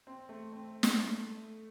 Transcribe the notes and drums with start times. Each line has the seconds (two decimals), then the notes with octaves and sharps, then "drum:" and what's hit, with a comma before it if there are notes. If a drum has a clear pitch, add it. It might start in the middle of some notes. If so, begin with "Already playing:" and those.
0.07 C4
0.29 A3
0.52 C4
0.83 drum: snare
0.98 A3